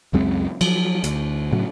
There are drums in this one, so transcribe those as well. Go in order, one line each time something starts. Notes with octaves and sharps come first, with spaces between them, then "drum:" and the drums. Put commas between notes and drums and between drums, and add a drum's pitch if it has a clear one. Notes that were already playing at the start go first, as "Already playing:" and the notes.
C#2 F#2 G#3 C4
F3 F#3, drum: cymbal
D2, drum: hi-hat
A2 C#3 F#3